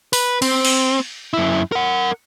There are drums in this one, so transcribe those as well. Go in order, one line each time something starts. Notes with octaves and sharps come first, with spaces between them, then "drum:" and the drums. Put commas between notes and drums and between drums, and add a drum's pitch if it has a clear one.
B4, drum: open hi-hat
C4, drum: cymbal
drum: cymbal
F#2 E4
A#4 F#5